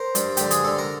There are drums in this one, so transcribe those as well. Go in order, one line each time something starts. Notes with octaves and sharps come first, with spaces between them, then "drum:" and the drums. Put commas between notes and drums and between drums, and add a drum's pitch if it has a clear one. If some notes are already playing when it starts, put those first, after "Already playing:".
Already playing: A#4 C5
G2, drum: hi-hat
D3 G4, drum: hi-hat
G#4, drum: hi-hat
D3 A4
A#4